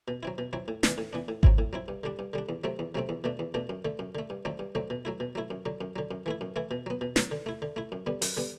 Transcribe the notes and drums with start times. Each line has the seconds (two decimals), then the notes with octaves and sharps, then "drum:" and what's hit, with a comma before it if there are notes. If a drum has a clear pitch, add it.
0.08 B2
0.23 F#3 C4 E4
0.38 B2
0.53 F#3 C4 E4
0.68 A2
0.83 E3 B3 D4, drum: snare
0.98 A2
1.13 E3 B3 D4
1.28 A2
1.43 F#3 C4 E4, drum: kick G#1
1.58 A2
1.73 F#3 C4 E4
1.88 G2
2.04 D3 G3 D4
2.19 G2
2.33 D3 G3 D4
2.49 E2
2.64 C3 F#3 A3 C4
2.79 E2
2.95 C3 F#3 A3 C4
3.09 E2
3.24 B2 A3 D4
3.39 E2
3.54 B2 A3 D4
3.69 F#2
3.85 D3 A3
3.99 F#2
4.15 D3 A3
4.30 G2
4.45 D3 F#3 A3 C4
4.59 G2
4.75 D3 F#3 A3 C4
4.90 B2
5.05 F#3 A3 E4
5.20 B2
5.35 F#3 A3 E4
5.50 F#2
5.66 D3 F#3
5.81 F#2
5.96 D3 F#3
6.11 F#2
6.26 E3 A3 E4
6.41 F#2
6.56 E3 A3 E4
6.71 B2
6.86 F#3 B3
7.01 B2
7.16 F#3 B3, drum: snare
7.31 D3
7.46 A3 E4
7.62 D3
7.76 A3 E4
7.92 F#2
8.06 D3 G3 B3
8.22 F#2, drum: open hi-hat
8.37 D3 G3 B3